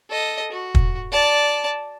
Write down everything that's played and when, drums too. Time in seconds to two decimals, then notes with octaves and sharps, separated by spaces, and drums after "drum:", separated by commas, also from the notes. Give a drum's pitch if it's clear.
0.10 A4 D#5
0.52 F#4
0.75 drum: kick
1.12 D5 A5